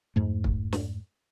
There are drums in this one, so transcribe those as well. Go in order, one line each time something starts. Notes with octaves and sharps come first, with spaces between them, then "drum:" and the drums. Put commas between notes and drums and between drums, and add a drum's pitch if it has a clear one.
F2 G#2 A3
drum: kick
drum: snare